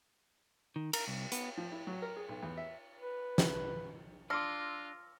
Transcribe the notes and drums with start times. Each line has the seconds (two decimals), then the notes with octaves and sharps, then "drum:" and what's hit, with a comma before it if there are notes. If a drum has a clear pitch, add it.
0.76 D#3
0.93 A#4, drum: cymbal
1.08 C2
1.32 B3, drum: hi-hat
1.57 F3
1.72 E4
1.87 F#3
2.02 A#4
2.17 G#4
2.29 B1
2.43 E2
2.57 E5
2.99 B4
3.38 drum: snare
4.30 D4 F4 C6 D6 E6 F6 A#6